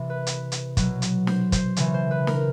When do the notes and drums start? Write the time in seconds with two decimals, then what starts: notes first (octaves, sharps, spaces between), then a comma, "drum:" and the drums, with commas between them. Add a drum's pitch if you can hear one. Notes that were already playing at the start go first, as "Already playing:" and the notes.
Already playing: C3 E3
0.10 B4
0.27 drum: hi-hat
0.52 drum: hi-hat
0.77 B2 F#3, drum: kick, hi-hat
1.02 drum: hi-hat
1.27 C5, drum: snare
1.52 C5, drum: kick, hi-hat
1.76 C#3 E3 C#5, drum: hi-hat
1.94 C5
2.11 B4
2.27 A#4, drum: snare